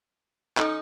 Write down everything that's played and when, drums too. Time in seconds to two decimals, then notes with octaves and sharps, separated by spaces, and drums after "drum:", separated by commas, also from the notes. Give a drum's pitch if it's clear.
0.58 C#4 D#4 A4 A#5 C6, drum: clap